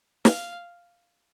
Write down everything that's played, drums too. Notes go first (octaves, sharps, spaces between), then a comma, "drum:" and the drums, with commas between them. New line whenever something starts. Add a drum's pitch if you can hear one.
F5, drum: snare